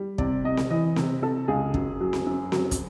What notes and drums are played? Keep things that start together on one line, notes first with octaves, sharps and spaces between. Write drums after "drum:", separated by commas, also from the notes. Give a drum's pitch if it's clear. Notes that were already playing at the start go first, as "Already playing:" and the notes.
Already playing: G3
C3 D5, drum: kick
C3 D#5
drum: snare C4
E3 D#5
C3, drum: snare C4
C3 A4
C#2 G#4
F#2, drum: kick
F#3
drum: snare C4
F#2
F#3, drum: snare C4
drum: kick, hi-hat